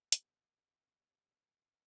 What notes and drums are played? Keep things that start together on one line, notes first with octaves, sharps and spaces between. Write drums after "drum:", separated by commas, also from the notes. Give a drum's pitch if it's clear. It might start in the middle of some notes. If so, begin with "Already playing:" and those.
C2 G2 G3 G#3 B3, drum: hi-hat